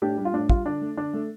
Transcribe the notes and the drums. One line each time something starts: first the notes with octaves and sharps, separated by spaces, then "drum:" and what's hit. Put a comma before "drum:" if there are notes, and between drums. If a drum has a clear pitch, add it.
A2 D4 G4
G3
F4
A2 D4
G3 F4, drum: kick
D3 D4
A3
D3 D4
A3